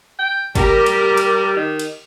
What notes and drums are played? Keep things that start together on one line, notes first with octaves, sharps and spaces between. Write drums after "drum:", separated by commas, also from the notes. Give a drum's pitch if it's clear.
G5
G3 G4 A#4, drum: kick, cymbal
drum: cymbal
drum: cymbal
D#3
drum: cymbal